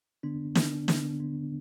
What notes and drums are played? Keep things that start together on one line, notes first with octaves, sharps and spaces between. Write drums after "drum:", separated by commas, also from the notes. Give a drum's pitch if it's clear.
D3 B3 D4
D3 B3 D4, drum: snare
D3 B3 D4, drum: snare
D3 B3 D4